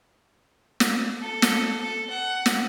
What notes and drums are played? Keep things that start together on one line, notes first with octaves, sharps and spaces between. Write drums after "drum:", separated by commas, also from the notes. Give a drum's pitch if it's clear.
drum: snare
A4
drum: snare
A4
F#5
drum: snare